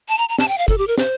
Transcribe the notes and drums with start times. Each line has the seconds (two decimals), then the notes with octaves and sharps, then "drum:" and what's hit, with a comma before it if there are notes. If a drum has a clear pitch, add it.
0.09 A5
0.18 A#5
0.29 A#5
0.38 A5, drum: snare
0.48 G5
0.58 F5
0.68 A4, drum: kick, hi-hat
0.78 G4
0.87 A#4
0.98 C5, drum: snare